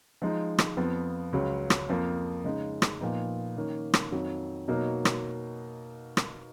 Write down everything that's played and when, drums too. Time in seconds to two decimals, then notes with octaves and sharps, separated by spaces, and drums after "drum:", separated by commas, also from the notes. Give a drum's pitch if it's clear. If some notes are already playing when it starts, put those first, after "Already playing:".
0.22 F3 G#3 D#4
0.58 drum: rim click
0.77 F2 F3 B3
1.33 C#2 C#3 F#3
1.70 drum: rim click
1.89 F2 F3 A#3
2.44 C#3 G#3 D#4
2.82 drum: rim click
3.00 A#2 F3 B3 D#4
3.57 D#3 A#3 C#4
3.94 drum: rim click
4.12 F2 D#3 F#3
4.68 B2 F#3 A#3 D#4 A#4
5.05 drum: rim click
6.17 drum: rim click